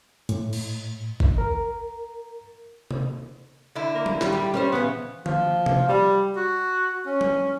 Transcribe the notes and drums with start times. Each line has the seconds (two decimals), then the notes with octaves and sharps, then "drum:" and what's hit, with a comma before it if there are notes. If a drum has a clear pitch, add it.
0.29 A2, drum: hi-hat
0.53 drum: cymbal
1.20 drum: kick G#1
1.38 A#4
2.91 drum: tom C3
3.75 D3 E4
3.95 A#3
4.06 drum: tom F#3
4.21 D#3 G3, drum: snare
4.32 G4
4.54 G3 C#4 B4 C5
4.72 C#3 E3 B3
5.26 F3, drum: tom
5.66 drum: tom C3
5.89 G3
6.36 F#4
7.06 C#4
7.21 drum: tom F#3